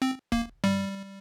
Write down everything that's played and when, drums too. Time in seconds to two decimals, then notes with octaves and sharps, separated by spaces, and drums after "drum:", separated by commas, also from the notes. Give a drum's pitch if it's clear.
0.02 C4
0.32 A#3, drum: kick
0.64 G3, drum: tom G2